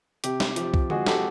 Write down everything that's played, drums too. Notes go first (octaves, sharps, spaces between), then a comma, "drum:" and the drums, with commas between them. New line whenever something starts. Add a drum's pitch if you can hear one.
C3 G4, drum: hi-hat
drum: snare
F3 G4, drum: hi-hat
drum: kick C2
G#3 F#4 G#4, drum: tom D3
G4 A4, drum: snare